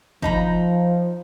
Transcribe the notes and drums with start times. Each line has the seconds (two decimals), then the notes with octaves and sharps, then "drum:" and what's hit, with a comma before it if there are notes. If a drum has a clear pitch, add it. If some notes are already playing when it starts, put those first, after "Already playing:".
0.22 F3 D#4 A#5 B5, drum: kick